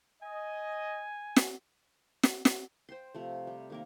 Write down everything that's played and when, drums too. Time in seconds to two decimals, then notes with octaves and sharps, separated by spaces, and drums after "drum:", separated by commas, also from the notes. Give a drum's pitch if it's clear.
0.22 D#5 G#5
1.36 drum: snare
2.23 drum: snare
2.45 drum: snare
2.89 C5 G5 C6
3.14 C3 F3 A3
3.47 G3
3.70 D#3 A#3 A#4